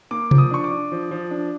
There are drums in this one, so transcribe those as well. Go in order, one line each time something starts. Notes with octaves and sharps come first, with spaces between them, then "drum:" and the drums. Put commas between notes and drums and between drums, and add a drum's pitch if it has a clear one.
A#3 D6
F3, drum: tom C3
D#6
D4 C#6
D6
D4
F3
F3
D4